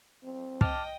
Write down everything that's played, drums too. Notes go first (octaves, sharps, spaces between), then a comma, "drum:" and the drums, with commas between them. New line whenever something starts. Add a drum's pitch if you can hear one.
C4
D#5 G5 A5 D6 F6, drum: kick